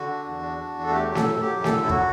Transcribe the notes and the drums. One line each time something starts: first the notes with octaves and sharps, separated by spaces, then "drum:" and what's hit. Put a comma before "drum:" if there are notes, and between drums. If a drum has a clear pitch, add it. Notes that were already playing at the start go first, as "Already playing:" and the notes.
Already playing: D3 F#4
D4
E2
D4
D4
E2
A4
A3 G4
F#3
A4, drum: snare
F#2
F#3 G4
F#2
A4, drum: snare
D3
E4
F#3 F#4, drum: kick